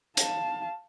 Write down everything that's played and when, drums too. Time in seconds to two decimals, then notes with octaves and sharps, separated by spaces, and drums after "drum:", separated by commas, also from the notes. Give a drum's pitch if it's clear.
0.17 F5 A5, drum: hi-hat